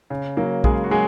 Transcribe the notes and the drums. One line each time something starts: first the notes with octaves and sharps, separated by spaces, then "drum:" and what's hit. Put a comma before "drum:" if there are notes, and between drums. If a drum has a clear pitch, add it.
C#3
F#3 A#3
C#3 G#3 G#4, drum: kick A#1
F#4
F#3 G#3 G#4